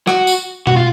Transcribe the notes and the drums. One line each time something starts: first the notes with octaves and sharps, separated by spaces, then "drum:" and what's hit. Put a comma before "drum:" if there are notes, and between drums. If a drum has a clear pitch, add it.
F#4, drum: rim click
drum: tambourine
F#4, drum: tom B2
F4